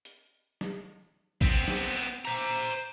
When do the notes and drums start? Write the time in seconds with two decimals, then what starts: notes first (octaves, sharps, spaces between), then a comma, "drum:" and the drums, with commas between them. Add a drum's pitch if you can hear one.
0.05 drum: hi-hat
0.61 drum: snare
1.41 B3 C4, drum: kick A1
1.68 drum: snare
2.25 C5 A#5